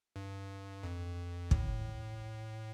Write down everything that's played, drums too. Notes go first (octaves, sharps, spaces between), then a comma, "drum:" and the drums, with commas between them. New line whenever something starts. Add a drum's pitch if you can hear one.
G2
F2
A2, drum: kick